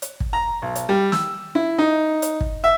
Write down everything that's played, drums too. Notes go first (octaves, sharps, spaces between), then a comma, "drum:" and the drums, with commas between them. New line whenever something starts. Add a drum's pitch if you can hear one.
drum: hi-hat
drum: kick
A#5
B1
drum: hi-hat
G3
E6, drum: snare
E4
D#4
drum: hi-hat
drum: kick
E5